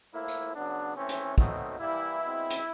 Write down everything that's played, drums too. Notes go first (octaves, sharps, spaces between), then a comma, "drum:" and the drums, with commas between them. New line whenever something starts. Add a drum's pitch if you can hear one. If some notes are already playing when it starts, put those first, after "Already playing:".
A2 F3 A#3 E4
drum: tambourine
C#3 F#3 B3 D4
E3 A3 C4 C#4
drum: hi-hat
B2 F#3 A3 C4 D#4, drum: kick
E3 G3 A#3 E4
B2 G#3 C4
drum: hi-hat